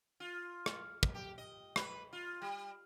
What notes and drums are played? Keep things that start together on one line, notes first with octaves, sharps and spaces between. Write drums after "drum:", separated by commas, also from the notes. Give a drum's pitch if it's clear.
F4
drum: rim click
drum: kick
G4
D#5
B4, drum: rim click
F4
G3